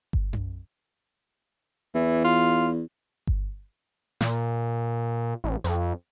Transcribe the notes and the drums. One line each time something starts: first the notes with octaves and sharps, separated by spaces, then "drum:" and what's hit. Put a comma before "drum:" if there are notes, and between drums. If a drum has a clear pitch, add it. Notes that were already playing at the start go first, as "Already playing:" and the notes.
drum: kick G1
drum: tom F#2
E2 E3
F4
drum: kick G1
A#2, drum: snare
A1
F2, drum: hi-hat